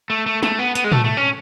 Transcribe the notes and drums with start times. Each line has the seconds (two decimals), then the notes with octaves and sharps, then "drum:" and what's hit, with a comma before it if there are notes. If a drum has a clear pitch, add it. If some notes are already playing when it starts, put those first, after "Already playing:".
0.10 A3
0.26 A3
0.43 A3, drum: snare
0.59 B3
0.75 B3, drum: hi-hat
0.84 G#3
0.92 A3, drum: tom
1.04 A3
1.17 C#4